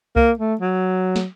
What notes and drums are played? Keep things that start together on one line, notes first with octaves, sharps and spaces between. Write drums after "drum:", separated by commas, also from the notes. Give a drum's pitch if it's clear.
A#3, drum: kick C2
A3
F#3
drum: snare